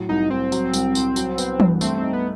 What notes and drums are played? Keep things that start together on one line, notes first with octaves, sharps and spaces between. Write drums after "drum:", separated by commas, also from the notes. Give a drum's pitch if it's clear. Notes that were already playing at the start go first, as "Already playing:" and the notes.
Already playing: A2 F#3
C2 D#4
C2 C4
F#3, drum: tambourine
C2, drum: tambourine
C2, drum: tambourine
F#3, drum: tambourine
B3, drum: tambourine
G2, drum: tom E3
A3 C4, drum: tambourine
C4 D#4
B3